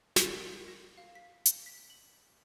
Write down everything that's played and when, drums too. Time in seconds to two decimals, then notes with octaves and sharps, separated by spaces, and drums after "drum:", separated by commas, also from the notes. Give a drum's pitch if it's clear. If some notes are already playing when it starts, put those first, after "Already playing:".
0.16 A#4, drum: snare
0.45 C#7
0.68 A#6
0.97 F5
1.15 B6
1.46 G7, drum: hi-hat
1.66 B6
1.90 F#7